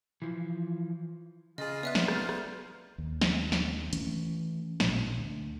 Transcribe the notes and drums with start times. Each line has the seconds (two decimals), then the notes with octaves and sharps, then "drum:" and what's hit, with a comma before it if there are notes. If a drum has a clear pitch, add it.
0.22 E3 F3
1.58 C#3 F4 G#4 D#5
1.83 B3 D5 E5 F#6
1.95 drum: snare
2.08 drum: rim click
2.29 drum: rim click
2.98 D#2
3.21 drum: snare
3.52 drum: snare
3.93 E3 A3 C#4, drum: hi-hat
4.80 A1 A#2, drum: snare
5.18 D2